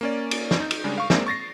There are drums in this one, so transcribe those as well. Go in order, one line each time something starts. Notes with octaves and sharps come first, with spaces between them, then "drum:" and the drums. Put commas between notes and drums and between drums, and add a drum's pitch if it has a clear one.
A#3 C#4 D5
drum: cymbal
drum: snare
D#4 G6
drum: cymbal
C#3 G3 G#3 D4
F5 C#6
G#3 A#3 C4 D5 E5, drum: snare
C#6 A6 A#6 C7